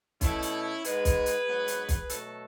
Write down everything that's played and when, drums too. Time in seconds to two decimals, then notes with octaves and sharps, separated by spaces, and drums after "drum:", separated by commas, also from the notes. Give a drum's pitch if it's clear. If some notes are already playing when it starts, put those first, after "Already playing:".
0.21 B2 A3 C#4 E4, drum: kick, hi-hat
0.42 drum: hi-hat
0.84 G#2 G#3 B3 G#4 B4, drum: hi-hat
1.05 drum: kick, hi-hat
1.26 drum: hi-hat
1.47 G#2 F#3 B3
1.68 drum: hi-hat
1.89 drum: kick, hi-hat
2.09 B2 F#3 A3 F#4 A4, drum: hi-hat